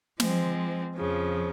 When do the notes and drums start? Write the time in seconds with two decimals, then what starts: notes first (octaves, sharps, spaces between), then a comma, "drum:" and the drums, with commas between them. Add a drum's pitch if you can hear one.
0.20 F3 G#3 C4, drum: snare
0.97 F2 C#3 F3